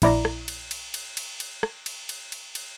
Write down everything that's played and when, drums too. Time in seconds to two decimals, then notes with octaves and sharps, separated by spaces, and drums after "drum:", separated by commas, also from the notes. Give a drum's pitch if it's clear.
0.02 A#1 E4 D5 A#5, drum: cymbal
0.25 drum: rim click
0.48 drum: cymbal
0.71 drum: cymbal
0.94 drum: cymbal
1.17 drum: cymbal
1.40 drum: cymbal
1.63 drum: rim click
1.86 drum: cymbal
2.09 drum: cymbal
2.32 drum: cymbal
2.55 drum: cymbal